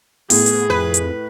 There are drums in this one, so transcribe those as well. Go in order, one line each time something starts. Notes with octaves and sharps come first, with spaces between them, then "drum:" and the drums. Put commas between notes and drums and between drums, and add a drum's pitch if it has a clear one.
A2 B3 G#4, drum: open hi-hat
drum: hi-hat
F2 B4
drum: hi-hat